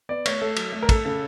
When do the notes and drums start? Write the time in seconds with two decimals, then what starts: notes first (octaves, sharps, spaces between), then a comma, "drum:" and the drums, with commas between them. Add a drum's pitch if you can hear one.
0.09 B3 D5
0.26 A3 C#5, drum: cymbal
0.41 A3 A4
0.56 F#3, drum: cymbal
0.72 A3
0.83 A#4
0.89 A3 A4, drum: kick, cymbal
1.05 C#3 A4